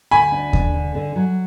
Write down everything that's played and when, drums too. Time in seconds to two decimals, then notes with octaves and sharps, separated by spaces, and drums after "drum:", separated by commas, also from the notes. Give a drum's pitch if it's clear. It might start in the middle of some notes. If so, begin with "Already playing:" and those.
0.11 D2 G#5 B5
0.32 D4
0.53 D4, drum: kick D#2
0.74 D3
0.95 D3
1.16 F#3